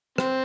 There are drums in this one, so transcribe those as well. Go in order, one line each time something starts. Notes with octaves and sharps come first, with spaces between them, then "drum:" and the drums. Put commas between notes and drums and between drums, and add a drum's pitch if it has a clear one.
C4, drum: rim click